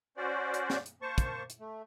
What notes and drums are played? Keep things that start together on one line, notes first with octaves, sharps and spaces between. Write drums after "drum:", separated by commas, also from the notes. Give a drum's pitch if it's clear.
C#4 F#4 C5 D5
drum: hi-hat
drum: snare
drum: hi-hat
A#3 C5 A5 C#6
drum: kick, hi-hat
drum: hi-hat
A3